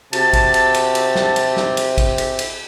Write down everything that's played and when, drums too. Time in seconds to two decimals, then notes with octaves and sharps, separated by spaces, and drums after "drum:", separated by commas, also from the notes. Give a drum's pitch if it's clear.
0.13 C3 F#4 C5 A5, drum: cymbal
0.33 drum: kick, cymbal
0.54 drum: cymbal
0.74 drum: cymbal
0.95 drum: cymbal
1.15 drum: snare
1.36 drum: cymbal
1.57 drum: snare
1.77 drum: cymbal
1.98 drum: kick, cymbal
2.18 drum: cymbal
2.39 drum: cymbal